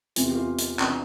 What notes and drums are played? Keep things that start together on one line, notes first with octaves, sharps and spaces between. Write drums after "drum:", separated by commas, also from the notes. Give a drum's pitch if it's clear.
E2 C3 E3 F4, drum: hi-hat
G4
F4
drum: hi-hat
C3 E3 D4, drum: clap